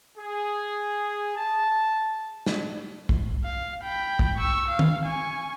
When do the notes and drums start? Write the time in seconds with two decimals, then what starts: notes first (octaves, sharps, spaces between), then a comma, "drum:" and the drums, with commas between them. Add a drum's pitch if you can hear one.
0.18 G#4
1.36 A5
2.46 drum: snare
3.09 drum: kick
3.44 F5
3.84 G5 B5
4.19 drum: kick
4.38 C#6 E6
4.69 F5
4.79 drum: tom
5.06 G#5 C#6